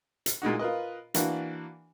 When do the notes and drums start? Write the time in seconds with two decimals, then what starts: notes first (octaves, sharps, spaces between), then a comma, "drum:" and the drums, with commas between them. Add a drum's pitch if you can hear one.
0.26 drum: hi-hat
0.42 A#2 G#3 D#4 F#4
0.59 F4 A#4 B4 D#5
1.14 E3 A#3 D4 F#4, drum: hi-hat